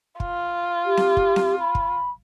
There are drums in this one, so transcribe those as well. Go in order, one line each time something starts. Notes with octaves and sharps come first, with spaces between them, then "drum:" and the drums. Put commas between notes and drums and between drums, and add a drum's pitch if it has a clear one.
F4, drum: kick
G4
drum: snare C4
drum: kick
drum: snare C4
B5
drum: kick